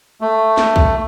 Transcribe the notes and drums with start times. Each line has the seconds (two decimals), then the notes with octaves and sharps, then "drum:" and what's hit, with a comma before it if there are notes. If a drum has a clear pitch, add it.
0.21 A3
0.58 drum: snare
0.76 drum: kick B1